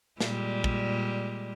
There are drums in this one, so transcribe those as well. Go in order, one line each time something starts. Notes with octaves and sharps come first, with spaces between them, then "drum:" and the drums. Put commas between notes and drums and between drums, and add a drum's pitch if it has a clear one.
A#2 G3 G#3, drum: snare
drum: kick